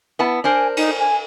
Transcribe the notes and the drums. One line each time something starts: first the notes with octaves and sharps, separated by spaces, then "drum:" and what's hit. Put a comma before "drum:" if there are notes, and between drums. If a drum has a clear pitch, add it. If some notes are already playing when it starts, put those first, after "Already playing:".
B3 E4 A5
D4 A#4 C5 G#5
D#4, drum: cymbal
G#5